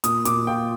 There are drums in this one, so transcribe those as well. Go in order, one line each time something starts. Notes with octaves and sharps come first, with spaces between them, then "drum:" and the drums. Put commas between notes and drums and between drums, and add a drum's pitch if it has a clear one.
A#2 D#6, drum: hi-hat
A#2 D6, drum: hi-hat
F4 G5